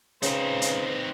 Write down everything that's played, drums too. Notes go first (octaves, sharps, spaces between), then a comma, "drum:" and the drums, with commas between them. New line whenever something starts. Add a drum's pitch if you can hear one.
C#3 C4 D#4 B4 C5, drum: hi-hat
drum: hi-hat